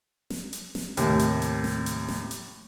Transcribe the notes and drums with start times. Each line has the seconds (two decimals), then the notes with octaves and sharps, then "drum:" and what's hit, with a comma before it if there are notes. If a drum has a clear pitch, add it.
0.30 drum: snare
0.53 drum: hi-hat
0.75 drum: snare
0.97 D#2 A2 C3, drum: hi-hat
1.19 drum: hi-hat
1.42 drum: hi-hat
1.64 drum: snare
1.86 drum: hi-hat
2.08 drum: snare
2.31 drum: hi-hat